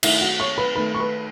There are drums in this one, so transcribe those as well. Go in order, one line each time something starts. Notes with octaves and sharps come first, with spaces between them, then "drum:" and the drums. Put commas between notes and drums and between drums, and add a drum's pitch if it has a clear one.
D#3 A3 E4 E5, drum: cymbal
F#4 F#5
C#5 C#6
B4 B5
D#3 A3 B4 B5
C#6
B4 B5